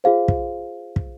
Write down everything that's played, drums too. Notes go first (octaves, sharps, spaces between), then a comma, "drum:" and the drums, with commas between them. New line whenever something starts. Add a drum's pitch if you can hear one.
F4 G#4 C5 F5
drum: kick
drum: kick